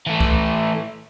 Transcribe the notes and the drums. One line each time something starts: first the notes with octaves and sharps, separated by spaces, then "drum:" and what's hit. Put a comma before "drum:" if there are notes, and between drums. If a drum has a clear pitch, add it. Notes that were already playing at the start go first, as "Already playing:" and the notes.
E3 A3
drum: kick